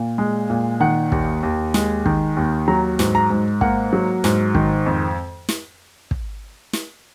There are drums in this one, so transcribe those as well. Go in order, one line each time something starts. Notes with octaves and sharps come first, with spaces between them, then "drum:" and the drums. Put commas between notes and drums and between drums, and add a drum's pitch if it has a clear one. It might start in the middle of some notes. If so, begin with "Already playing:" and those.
Already playing: A#2
G#3
A#2
D#3 F#5
D#2, drum: kick
D#2
G#3, drum: snare
D#3, drum: kick
D#2
F#3 A#5
G#2, drum: snare
A#5
G#2
A#3 F#5, drum: kick
F#3
G#2, drum: snare
D#3, drum: kick
F2
drum: snare
drum: kick
drum: snare